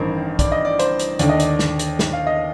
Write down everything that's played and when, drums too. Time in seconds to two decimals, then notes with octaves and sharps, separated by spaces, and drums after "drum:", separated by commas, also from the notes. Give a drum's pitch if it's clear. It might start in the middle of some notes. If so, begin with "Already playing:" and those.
Already playing: A1 G2 D#3 A#4 C5
0.39 D5, drum: kick, hi-hat
0.52 D#5
0.65 D5
0.79 C5, drum: hi-hat
0.99 drum: hi-hat
1.19 D#2 D3 D5, drum: hi-hat
1.29 D#5
1.40 D5, drum: hi-hat
1.59 drum: snare
1.79 drum: hi-hat
1.99 drum: snare
2.13 F5
2.27 D#5